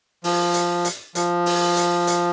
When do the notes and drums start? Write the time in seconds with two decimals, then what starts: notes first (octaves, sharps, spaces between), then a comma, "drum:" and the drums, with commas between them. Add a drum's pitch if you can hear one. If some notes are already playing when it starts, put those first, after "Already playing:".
0.24 F3, drum: open hi-hat
0.54 drum: hi-hat
0.85 drum: hi-hat
1.15 F3, drum: hi-hat
1.46 drum: open hi-hat
1.77 drum: hi-hat
2.07 drum: hi-hat